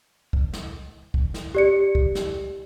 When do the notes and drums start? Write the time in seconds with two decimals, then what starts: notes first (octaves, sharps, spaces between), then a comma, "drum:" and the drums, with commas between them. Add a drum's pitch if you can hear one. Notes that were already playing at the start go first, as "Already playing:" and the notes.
0.33 drum: kick
0.53 drum: snare
1.14 drum: kick
1.34 drum: snare
1.55 G4 D5 C#7
1.95 drum: kick
2.15 drum: snare